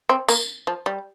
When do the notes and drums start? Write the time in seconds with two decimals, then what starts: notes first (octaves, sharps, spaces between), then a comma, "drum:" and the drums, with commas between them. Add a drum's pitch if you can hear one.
0.09 C4
0.28 A#3, drum: tambourine
0.67 F3
0.86 G3